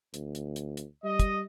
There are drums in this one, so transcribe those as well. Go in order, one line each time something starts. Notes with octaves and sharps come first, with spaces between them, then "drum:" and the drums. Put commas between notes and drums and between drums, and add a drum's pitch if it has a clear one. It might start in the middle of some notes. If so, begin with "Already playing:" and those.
D2, drum: hi-hat
drum: hi-hat
drum: hi-hat
drum: hi-hat
G3 D#5
drum: kick, hi-hat